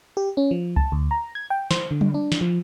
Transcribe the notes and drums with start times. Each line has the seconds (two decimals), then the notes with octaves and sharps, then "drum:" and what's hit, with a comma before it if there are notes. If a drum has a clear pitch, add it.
0.17 G4
0.37 C#4
0.51 F3
0.76 A5, drum: kick C2
0.92 D2
1.11 A#5
1.35 G#6
1.50 G5
1.71 C5, drum: snare
1.91 D3
2.01 drum: tom F#3
2.14 D4
2.32 drum: snare
2.41 F3